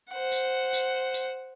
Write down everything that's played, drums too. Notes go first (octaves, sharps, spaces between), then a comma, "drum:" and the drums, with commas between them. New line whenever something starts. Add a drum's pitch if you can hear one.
C5 F#5
drum: tambourine
drum: tambourine
drum: tambourine